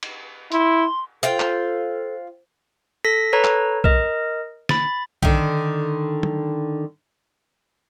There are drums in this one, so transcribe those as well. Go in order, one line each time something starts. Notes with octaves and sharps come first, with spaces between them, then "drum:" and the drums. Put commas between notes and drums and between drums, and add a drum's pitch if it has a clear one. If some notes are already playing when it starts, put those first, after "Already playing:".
drum: cymbal
E4 C6, drum: hi-hat
F4 A4 C5 F5 G5
drum: clap
A4 A#6 B6
A4 B4 C#5 A#5
drum: clap
A#4 D#5, drum: kick
B5 A6, drum: snare
D3 D#3, drum: kick
drum: tom F#3